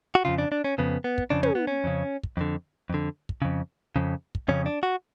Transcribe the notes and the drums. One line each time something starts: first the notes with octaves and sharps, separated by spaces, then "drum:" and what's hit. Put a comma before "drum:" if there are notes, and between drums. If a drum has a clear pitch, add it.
F#4
F2 C#3 F4
D4
D4
C#4
F2 C#3 B3
B3
drum: kick
F2 C#3 D4
C#4, drum: tom
B3
C#4
F2 C#3
drum: kick
F2 D3
F2 D3
drum: kick
F2 C#3
F2 C#3
drum: kick
F2 C#3 C#4
D4
F#4